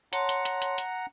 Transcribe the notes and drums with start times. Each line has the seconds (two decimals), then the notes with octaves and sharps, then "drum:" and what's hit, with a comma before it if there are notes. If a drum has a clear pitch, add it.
0.13 C#5 F#5 A5 A#5 C6, drum: hi-hat
0.29 drum: hi-hat
0.45 drum: hi-hat
0.62 drum: hi-hat
0.78 drum: hi-hat